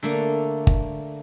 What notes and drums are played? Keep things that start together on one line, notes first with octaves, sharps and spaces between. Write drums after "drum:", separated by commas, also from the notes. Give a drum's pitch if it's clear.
D3 A3 A#3
drum: kick G1